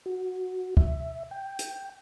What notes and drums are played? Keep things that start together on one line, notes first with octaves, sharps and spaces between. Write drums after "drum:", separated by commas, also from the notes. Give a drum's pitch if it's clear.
F#4
E5, drum: kick
G5
drum: hi-hat